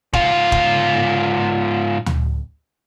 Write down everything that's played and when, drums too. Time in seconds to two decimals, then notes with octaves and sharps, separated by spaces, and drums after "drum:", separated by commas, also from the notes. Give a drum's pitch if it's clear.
0.13 G#2 F4, drum: kick
0.52 drum: kick
2.06 drum: tom D2